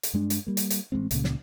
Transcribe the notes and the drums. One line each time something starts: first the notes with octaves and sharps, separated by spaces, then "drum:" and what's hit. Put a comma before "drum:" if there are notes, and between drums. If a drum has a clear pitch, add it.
drum: hi-hat
G2 G#3 D4
drum: hi-hat
G3 A#3
drum: hi-hat
drum: hi-hat
A1 C#3 G#3 C4
C#2 A#2 C#3, drum: hi-hat
drum: snare